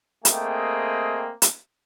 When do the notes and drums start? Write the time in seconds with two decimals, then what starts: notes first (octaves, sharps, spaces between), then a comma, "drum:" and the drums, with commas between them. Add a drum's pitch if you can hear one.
0.25 A3 A#3 C4 G#4 D#5 G5, drum: hi-hat
1.42 drum: hi-hat